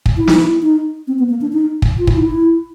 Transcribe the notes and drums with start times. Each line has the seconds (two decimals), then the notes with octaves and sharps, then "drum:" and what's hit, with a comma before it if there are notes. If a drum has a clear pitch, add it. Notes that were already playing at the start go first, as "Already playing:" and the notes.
0.06 drum: kick
0.17 E4
0.27 D#4, drum: snare
0.38 E4
0.62 D#4
1.07 C4
1.19 B3
1.29 A#3
1.41 D4
1.53 D#4
1.82 drum: kick
1.98 F4
2.07 E4, drum: kick
2.17 D#4
2.25 E4